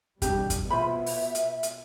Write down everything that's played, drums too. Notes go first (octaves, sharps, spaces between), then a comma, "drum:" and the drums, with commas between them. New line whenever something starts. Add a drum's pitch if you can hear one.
A1 B2 G3 D4 D#4 G4, drum: kick, hi-hat
drum: kick, hi-hat
B2 B3 F4 C5 E5 B5
drum: open hi-hat
drum: hi-hat
drum: hi-hat